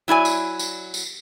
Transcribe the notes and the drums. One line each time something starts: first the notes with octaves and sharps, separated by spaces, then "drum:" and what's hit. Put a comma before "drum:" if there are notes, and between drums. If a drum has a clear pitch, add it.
F#3 E4 D5 G#5
drum: tambourine
drum: tambourine
drum: tambourine